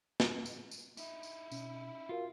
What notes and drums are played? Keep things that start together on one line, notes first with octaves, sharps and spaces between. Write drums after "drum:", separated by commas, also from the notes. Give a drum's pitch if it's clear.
drum: snare
drum: tambourine
drum: tambourine
D#4 E4, drum: tambourine
drum: tambourine
B2 C#4, drum: tambourine
F4 F#4 A#4 F5